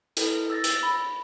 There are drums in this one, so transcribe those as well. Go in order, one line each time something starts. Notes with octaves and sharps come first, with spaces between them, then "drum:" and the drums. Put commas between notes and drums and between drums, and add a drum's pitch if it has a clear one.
E4 A4 B4, drum: hi-hat
E6 A6 A#6
drum: hi-hat
B5